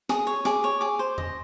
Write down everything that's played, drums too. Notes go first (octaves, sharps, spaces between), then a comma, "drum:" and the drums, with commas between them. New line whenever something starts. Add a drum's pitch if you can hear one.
G#4 D#6, drum: snare
C#5
G#4 D6, drum: snare
C#5
G#4 D6
C5
D#5, drum: tom E2